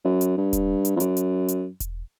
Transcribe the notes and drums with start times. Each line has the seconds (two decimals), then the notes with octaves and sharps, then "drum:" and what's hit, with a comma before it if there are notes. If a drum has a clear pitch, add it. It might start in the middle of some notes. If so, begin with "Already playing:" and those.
0.04 F#2
0.21 drum: hi-hat
0.37 G2
0.53 drum: kick E1, hi-hat
0.85 drum: hi-hat
0.96 F2
1.00 F#2, drum: hi-hat
1.17 drum: hi-hat
1.48 drum: hi-hat
1.80 drum: kick E1, hi-hat